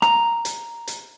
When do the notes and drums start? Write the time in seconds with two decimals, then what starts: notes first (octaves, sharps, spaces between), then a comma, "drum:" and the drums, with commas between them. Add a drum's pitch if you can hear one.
0.02 A#5, drum: rim click
0.45 drum: hi-hat
0.87 drum: hi-hat